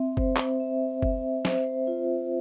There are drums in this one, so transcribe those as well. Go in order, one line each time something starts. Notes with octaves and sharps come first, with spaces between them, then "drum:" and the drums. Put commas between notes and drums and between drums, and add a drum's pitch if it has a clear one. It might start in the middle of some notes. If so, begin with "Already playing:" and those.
Already playing: C4 E5
C5, drum: kick F#1
drum: clap
E5
E5, drum: kick F#1
C5, drum: snare
F4